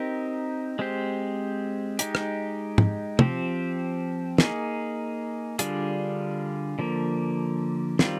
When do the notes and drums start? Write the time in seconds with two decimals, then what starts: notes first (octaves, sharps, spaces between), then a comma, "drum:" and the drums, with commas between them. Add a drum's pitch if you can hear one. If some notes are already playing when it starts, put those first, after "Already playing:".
Already playing: C4 D#4 G4 A#4
0.79 G#3 C4 G4 C5
1.99 G#3 D#4 G4, drum: hi-hat
2.15 drum: rim click
2.78 drum: tom
3.19 F3 C4 G4 C5, drum: tom
4.38 A#3 D#4 G#4, drum: snare
5.59 D3 G3 D4 F4 G#4, drum: hi-hat
6.79 D3 F3 A#3
7.99 D#3 G3 C4 F4, drum: snare